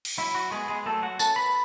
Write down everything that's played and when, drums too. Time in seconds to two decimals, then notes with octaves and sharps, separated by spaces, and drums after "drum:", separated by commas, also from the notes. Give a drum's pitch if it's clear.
0.05 drum: cymbal
0.18 F#3 E4
0.35 F#4
0.51 G#3 B3 G#4
0.68 G#3 G#4
0.86 F#3 A3 A4
1.03 F#4 F#5
1.19 C#4 A4 A5, drum: tambourine
1.36 B4 B5